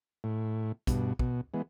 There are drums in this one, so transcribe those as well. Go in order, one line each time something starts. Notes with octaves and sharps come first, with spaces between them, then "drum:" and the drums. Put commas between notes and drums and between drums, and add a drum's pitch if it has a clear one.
A2
G2 B2, drum: kick, hi-hat
B2, drum: kick
E3 G#3 B3